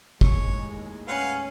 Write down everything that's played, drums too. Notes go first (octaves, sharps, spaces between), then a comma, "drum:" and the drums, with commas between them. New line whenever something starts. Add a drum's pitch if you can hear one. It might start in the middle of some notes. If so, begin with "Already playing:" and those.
D#2 A2 G#3 C#5, drum: kick
C#4 B4 F5 F#5